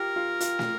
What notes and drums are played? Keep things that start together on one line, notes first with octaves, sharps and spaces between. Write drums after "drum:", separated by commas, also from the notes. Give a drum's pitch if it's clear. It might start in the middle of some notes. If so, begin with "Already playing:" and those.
Already playing: F4 G4 A#4
F4
F4, drum: hi-hat
drum: snare